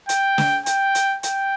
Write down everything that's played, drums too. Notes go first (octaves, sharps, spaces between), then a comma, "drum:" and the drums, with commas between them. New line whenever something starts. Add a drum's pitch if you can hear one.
G5, drum: hi-hat
drum: snare
G5, drum: hi-hat
drum: hi-hat
G5, drum: hi-hat